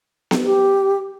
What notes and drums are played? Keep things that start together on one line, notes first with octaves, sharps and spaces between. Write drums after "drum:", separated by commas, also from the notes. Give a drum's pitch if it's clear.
drum: snare B3
G4